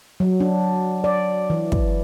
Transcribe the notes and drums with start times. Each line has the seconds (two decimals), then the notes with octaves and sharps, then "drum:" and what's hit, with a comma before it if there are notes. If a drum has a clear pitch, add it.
0.20 F#3
0.40 D4
1.04 D5
1.50 E3
1.72 drum: kick